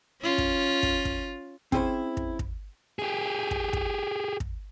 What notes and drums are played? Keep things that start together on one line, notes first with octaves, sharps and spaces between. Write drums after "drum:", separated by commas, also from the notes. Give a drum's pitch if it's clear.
C#4 F4
drum: kick
drum: kick
drum: kick
C4 C#4 E4 G#4 A#4 C5, drum: kick
drum: kick
drum: kick
G4 G#4
drum: kick
drum: kick
drum: kick